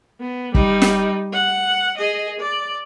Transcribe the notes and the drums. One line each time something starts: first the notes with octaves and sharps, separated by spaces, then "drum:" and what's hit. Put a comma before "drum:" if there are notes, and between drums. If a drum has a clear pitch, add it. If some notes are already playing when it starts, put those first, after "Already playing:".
B3
G3 D#4, drum: kick
drum: snare
F#5
G#4 D#5
D5